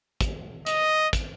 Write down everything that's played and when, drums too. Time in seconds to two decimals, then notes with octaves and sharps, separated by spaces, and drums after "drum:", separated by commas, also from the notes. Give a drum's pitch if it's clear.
0.21 drum: kick, hi-hat
0.67 D#5, drum: hi-hat
1.13 drum: kick, hi-hat